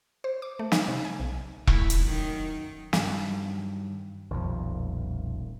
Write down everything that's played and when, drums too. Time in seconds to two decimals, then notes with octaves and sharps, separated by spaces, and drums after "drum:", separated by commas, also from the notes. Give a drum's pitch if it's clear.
0.24 C5
0.42 D6
0.59 A3
0.72 D#4, drum: snare
0.88 C3
1.05 G#5
1.20 B1
1.67 A3 E4, drum: kick E1
1.90 drum: hi-hat
2.04 F#2 D#3
2.93 G2 D#3 F#3, drum: snare
4.31 D#1 B1 F2 D#3